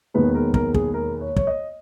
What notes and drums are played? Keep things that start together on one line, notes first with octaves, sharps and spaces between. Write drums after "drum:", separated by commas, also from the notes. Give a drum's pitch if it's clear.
E1 D#2 D#3 G#3 B3 B4
A#4
A#4, drum: kick
G#4, drum: kick
A#4
C#5
C#5, drum: kick
D#5